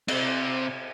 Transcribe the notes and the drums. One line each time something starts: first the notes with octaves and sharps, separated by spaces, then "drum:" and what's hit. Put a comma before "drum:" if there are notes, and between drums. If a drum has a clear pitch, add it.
C3 C4, drum: cymbal